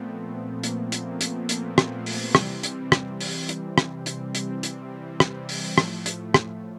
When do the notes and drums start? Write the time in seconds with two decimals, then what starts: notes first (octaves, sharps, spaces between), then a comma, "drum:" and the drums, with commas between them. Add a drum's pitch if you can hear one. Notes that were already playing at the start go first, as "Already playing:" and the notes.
Already playing: A#2 F3 A3 B3 C4
0.63 A#3, drum: hi-hat
0.92 drum: hi-hat
1.06 A#3
1.21 drum: hi-hat
1.49 A#3, drum: hi-hat
1.78 drum: rim click
2.06 drum: open hi-hat
2.35 C3 E3 G3 C4, drum: rim click
2.63 drum: hi-hat
2.92 drum: rim click
3.20 drum: open hi-hat
3.49 drum: hi-hat
3.78 drum: rim click
4.06 C4, drum: hi-hat
4.35 drum: hi-hat
4.49 C4
4.63 drum: hi-hat
5.20 drum: rim click
5.49 drum: open hi-hat
5.78 A2 F3 A3, drum: rim click
6.06 drum: hi-hat
6.34 drum: rim click